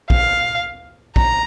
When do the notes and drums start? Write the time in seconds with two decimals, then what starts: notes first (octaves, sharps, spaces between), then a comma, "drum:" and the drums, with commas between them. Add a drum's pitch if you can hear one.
0.10 F5, drum: kick
1.16 A#5, drum: kick